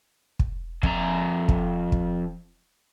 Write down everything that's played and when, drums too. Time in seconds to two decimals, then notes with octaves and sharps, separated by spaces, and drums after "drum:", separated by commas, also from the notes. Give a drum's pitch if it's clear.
0.39 drum: kick
0.83 F2 A#5, drum: kick
1.48 drum: kick
1.92 drum: kick